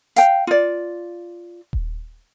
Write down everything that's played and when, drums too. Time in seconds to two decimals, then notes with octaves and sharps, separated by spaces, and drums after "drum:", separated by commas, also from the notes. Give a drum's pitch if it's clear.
0.16 F5 G5, drum: hi-hat
0.47 F4 D5
1.73 drum: kick D#1